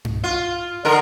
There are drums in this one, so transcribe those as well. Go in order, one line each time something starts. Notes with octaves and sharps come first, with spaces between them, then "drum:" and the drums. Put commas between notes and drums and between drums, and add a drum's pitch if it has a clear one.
drum: tom G2
F4
D3 A#4